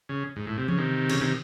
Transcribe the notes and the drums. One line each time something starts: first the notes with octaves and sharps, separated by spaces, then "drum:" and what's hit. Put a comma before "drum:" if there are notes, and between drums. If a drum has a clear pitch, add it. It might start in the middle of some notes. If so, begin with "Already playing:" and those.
C#3
G#2
A2
C3
C#3, drum: tom E3
C3 D#3
C#3, drum: cymbal
C3 D#3